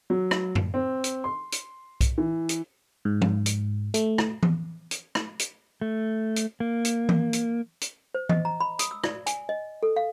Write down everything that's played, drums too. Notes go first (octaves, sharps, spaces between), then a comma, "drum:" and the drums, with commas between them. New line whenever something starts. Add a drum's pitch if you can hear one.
F#3
drum: rim click
drum: tom F#2
C4
drum: hi-hat
C6
drum: hi-hat
drum: kick B1, hi-hat
E3
drum: hi-hat
G#2
drum: tom
drum: hi-hat
A3, drum: hi-hat
drum: rim click
drum: tom E3
drum: hi-hat
drum: rim click
drum: hi-hat
A3
drum: hi-hat
A#3
drum: hi-hat
drum: tom E3
drum: hi-hat
drum: hi-hat
C5
D#5, drum: tom E3
A#5
B5
D#6, drum: hi-hat
E6
D5, drum: rim click
G#5, drum: hi-hat
D#5
A4
F5